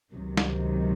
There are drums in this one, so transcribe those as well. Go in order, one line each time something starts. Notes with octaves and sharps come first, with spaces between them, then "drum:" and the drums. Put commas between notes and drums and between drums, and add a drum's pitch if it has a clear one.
C#2 C3 D#3 F#3
drum: snare